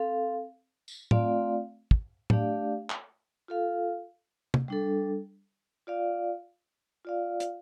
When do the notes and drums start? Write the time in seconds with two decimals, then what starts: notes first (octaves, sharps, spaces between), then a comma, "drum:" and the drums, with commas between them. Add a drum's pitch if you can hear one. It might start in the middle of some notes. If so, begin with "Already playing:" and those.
Already playing: C4 A4 F5
0.88 drum: tambourine
1.11 A3 C4 F4 D5 F5, drum: tom
1.91 drum: kick
2.30 A3 D4 G4 D5 F5, drum: tom
2.90 drum: clap
3.48 F4 A4 F5
4.54 drum: tom
4.68 G3 D4 A4
5.87 F4 D5 F5
7.05 F4 D5 F5
7.40 drum: hi-hat